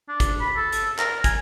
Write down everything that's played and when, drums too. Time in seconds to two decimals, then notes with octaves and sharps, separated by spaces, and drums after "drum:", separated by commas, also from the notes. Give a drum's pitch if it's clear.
0.09 D4
0.20 drum: kick, hi-hat
0.41 B5
0.56 A4
0.73 drum: hi-hat
0.99 A#4, drum: clap
1.24 G#5, drum: kick, hi-hat